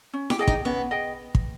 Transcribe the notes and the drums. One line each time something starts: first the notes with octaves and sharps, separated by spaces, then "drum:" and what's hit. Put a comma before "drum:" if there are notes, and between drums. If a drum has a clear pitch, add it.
C#4
G4, drum: snare E4
G#4 D#5 G5
D#4, drum: kick
B3 C#4
G#4 D#5 G5
drum: kick